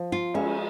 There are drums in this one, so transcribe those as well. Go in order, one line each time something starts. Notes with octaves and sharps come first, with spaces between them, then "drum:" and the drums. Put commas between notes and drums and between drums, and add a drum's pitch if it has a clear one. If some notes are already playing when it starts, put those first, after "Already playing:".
Already playing: F3
F4
G#3 C#4, drum: cymbal